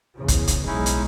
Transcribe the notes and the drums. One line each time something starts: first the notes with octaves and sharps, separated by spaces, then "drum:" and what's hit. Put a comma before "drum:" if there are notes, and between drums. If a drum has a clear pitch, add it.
E2 C#3
drum: kick, hi-hat
drum: hi-hat
B1 G#3 C#4 D#4 E4
drum: hi-hat